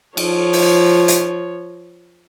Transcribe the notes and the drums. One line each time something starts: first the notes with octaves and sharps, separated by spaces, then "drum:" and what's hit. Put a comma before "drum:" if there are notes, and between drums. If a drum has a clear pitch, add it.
F3 C#5, drum: cymbal
drum: open hi-hat
drum: hi-hat